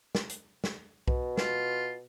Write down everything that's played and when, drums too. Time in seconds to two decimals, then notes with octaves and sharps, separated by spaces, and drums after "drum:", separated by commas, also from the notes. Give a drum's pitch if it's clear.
0.15 drum: snare
0.30 drum: hi-hat
0.64 drum: snare
1.08 B2, drum: kick B1
1.37 F4, drum: snare